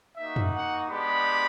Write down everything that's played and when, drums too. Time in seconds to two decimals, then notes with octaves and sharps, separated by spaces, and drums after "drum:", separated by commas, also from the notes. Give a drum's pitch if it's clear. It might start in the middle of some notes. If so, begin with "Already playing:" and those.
0.16 A#3 D#4 F#4 E5
0.36 drum: tom
0.53 F#5
0.89 G#3 B3 D4 G4 B5